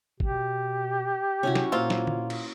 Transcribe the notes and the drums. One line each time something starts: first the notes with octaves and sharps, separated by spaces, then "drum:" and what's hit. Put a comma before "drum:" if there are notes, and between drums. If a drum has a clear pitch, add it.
B2 G4, drum: kick G#1
C3 C#4 E4 F#4
drum: snare
A#2 A#3 C4 F4
drum: snare
drum: tom
drum: cymbal